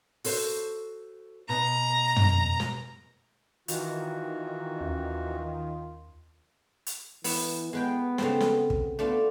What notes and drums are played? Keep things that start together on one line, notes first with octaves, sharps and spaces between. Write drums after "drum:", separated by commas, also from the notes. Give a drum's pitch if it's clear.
F#4 A4 C5, drum: open hi-hat
B2 A#5
drum: tom
drum: snare
D#3 E3 F4 F#4, drum: hi-hat
D#2
drum: hi-hat
E3 B3 E4, drum: open hi-hat
G#3 B3 B4 G5
C#3 A3 C4, drum: snare
drum: snare
drum: kick
A3 B3 D4 F4